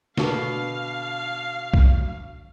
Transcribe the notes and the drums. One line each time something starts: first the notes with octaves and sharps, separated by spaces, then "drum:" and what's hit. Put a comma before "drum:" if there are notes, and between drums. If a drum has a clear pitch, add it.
B2 D3 F5, drum: snare
drum: kick B1